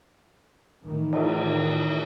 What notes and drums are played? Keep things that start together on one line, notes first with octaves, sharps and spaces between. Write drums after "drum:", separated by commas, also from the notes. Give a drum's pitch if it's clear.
A2 D#3 E3
drum: cymbal